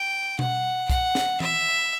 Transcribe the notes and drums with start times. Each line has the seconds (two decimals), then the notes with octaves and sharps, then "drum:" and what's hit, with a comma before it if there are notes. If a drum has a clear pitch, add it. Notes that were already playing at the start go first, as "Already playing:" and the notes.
Already playing: G5
0.39 F#5, drum: tom B2
0.90 F#5, drum: kick B1, hi-hat
1.15 drum: snare
1.40 E5, drum: tom E3